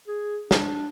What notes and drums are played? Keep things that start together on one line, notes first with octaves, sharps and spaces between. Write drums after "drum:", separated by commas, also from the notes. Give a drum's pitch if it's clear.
G#4
D4, drum: snare